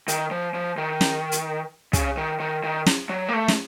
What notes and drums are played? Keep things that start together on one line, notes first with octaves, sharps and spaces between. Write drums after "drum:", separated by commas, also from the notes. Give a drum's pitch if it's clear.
D#3, drum: hi-hat
F3
F3
D#3
drum: snare
drum: hi-hat
C#3, drum: kick, hi-hat
D#3
D#3
D#3
drum: snare
F#3
A#3
A3
drum: snare